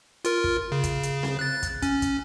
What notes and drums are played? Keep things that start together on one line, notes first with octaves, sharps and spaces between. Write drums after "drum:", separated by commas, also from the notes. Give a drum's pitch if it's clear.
F4 A#4, drum: hi-hat
drum: kick
C#3
drum: kick, hi-hat
drum: hi-hat
drum: snare C4
F#6 A6
drum: kick, hi-hat
C#4, drum: kick, hi-hat
drum: kick, hi-hat